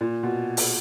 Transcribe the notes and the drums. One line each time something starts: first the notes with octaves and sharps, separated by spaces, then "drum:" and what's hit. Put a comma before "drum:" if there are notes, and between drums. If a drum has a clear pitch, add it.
A#2
B2
drum: open hi-hat